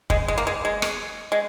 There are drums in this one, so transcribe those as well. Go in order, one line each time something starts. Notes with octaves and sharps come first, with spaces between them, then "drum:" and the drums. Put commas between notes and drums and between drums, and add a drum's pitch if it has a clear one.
G#3, drum: kick
G#3
A#3
G#3
G#3
drum: rim click
G#3